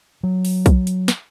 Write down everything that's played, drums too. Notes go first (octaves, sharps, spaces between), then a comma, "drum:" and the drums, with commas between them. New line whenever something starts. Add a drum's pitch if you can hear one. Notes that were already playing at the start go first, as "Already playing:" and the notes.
F#3
drum: open hi-hat
drum: kick B1, hi-hat
drum: hi-hat
drum: snare